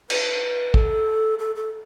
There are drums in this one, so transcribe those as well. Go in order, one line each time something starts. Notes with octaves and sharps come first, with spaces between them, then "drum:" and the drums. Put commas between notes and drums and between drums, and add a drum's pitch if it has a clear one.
B4, drum: cymbal
A4, drum: kick
A4
A4